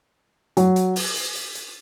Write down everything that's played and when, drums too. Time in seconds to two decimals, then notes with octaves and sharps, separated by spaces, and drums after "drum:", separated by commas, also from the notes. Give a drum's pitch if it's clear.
0.57 F#3, drum: hi-hat
0.76 drum: hi-hat
0.96 drum: open hi-hat
1.16 drum: hi-hat
1.35 drum: hi-hat
1.55 drum: hi-hat